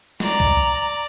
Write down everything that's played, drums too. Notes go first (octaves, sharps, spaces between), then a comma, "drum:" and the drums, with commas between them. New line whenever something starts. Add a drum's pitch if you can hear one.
D5 A#5, drum: snare
drum: kick C2